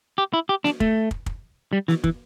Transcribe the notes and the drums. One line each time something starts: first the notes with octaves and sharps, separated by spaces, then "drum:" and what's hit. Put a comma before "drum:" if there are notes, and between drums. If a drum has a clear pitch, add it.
G4
E4
G4
D4, drum: snare
A3, drum: kick
drum: kick
drum: kick
G3
E3, drum: snare
E3, drum: kick